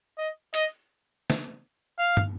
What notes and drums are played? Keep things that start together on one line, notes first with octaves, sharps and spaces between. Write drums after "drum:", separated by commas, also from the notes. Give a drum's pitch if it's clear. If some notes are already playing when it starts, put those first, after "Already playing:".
D#5
D#5, drum: hi-hat
drum: snare
F5
drum: tom